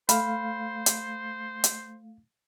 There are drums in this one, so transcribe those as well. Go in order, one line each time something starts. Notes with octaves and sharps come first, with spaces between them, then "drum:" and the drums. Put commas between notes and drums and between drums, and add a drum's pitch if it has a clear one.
A3 C5 F5 B5, drum: hi-hat
drum: hi-hat
drum: hi-hat